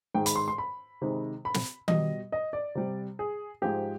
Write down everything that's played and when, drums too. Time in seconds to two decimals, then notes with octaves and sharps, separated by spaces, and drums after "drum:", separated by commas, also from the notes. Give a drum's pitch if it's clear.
0.14 G#2 D#3 G#3 G5
0.26 B5, drum: hi-hat
0.36 C6
0.48 C6
0.58 B5
1.02 C3 D#3 G#3
1.45 B5
1.54 drum: snare
1.88 B2 G3 D#5, drum: tom D#3
2.32 D#5
2.53 D5
2.75 C3 G3
3.19 G#4
3.62 G#2 F3 G#3 G4